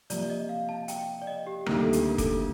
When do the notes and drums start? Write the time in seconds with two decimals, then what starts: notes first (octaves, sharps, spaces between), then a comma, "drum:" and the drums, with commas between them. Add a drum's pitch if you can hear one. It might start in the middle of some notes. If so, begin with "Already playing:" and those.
0.10 C3 F3 A#3 D5, drum: hi-hat
0.22 D5
0.30 D#5
0.49 F5
0.69 A5
0.88 G5, drum: hi-hat
1.22 D5
1.27 D#5
1.47 G4
1.66 D2 C3 D#3 G3 A#3 A#4, drum: rim click
1.81 A4
1.93 G4, drum: hi-hat
2.10 A#4
2.18 A4, drum: kick, hi-hat